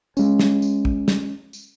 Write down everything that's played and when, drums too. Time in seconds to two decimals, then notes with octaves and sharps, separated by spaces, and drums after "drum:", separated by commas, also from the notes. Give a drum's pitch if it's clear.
0.17 G#3 C#4, drum: tambourine
0.39 drum: snare
0.62 drum: tambourine
0.85 drum: kick
1.08 drum: snare
1.53 drum: tambourine